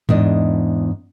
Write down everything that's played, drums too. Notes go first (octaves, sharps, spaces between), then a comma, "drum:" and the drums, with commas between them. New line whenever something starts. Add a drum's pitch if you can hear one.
E2 G#2 D4 D#5, drum: tom G#2